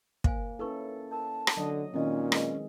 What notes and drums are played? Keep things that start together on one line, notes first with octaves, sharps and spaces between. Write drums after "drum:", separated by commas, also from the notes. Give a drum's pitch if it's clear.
A#3 C5 F5 G#5, drum: kick
C#4 D#4 E4 A4 B4 C#6
A#4 C#5 A5
drum: rim click
D3 F#3 D#5
A#2 D#3 C4 C#4 E4 D#5
G#3 B4 D#5, drum: rim click